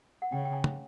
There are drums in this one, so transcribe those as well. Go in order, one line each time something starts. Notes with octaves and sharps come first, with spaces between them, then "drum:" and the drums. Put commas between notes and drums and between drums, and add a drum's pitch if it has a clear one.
F#5
C#3 G5
G5
G#5
drum: tom C#3